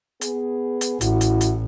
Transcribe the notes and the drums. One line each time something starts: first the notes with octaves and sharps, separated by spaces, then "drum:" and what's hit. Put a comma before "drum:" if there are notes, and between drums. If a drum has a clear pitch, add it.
B3 G#4, drum: hi-hat
drum: hi-hat
A1 E4 F#4, drum: hi-hat
drum: hi-hat
drum: hi-hat